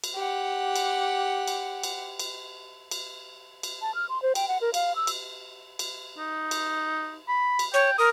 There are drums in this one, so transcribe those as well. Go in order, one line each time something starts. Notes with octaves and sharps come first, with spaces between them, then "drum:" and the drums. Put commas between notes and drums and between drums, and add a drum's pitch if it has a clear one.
drum: cymbal
G4 F#5
drum: cymbal
drum: cymbal
drum: cymbal
drum: cymbal
drum: cymbal
drum: cymbal
A5
F6
C6
C5
G5, drum: cymbal
F#5
A#4
F5, drum: cymbal
E6
drum: cymbal
drum: cymbal
D#4
drum: cymbal
B5
drum: cymbal
C#5 G5
A#4 D#6